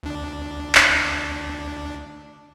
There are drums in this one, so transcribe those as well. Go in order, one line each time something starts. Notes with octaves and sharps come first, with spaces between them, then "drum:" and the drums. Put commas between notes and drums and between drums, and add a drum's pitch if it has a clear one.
D2 D4
drum: clap